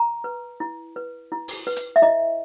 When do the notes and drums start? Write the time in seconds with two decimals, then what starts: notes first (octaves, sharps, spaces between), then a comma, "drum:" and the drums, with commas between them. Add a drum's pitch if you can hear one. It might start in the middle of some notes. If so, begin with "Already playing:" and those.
Already playing: A#5
0.24 B4
0.60 E4
0.96 B4
1.32 E4
1.48 drum: open hi-hat
1.67 B4
1.77 drum: hi-hat
1.96 E5
2.02 E4 D#5